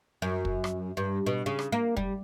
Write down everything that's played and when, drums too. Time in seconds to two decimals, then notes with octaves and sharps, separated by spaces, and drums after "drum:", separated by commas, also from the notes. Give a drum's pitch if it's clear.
0.22 F#2
0.45 drum: kick
0.64 drum: rim click
0.97 G2
1.26 B2
1.46 C#3
1.59 drum: rim click
1.72 A#3
1.97 G3, drum: kick